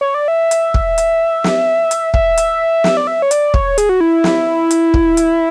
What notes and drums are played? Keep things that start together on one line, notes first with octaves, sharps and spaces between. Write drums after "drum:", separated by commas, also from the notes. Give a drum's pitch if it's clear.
C#5
D5
E5
drum: hi-hat
drum: kick
drum: hi-hat
drum: snare
drum: hi-hat
E5, drum: kick
drum: hi-hat
drum: snare
D5
E5
C#5
D5, drum: hi-hat
C#5, drum: kick
G#4, drum: hi-hat
F#4
E4
drum: snare
drum: hi-hat
drum: kick
drum: hi-hat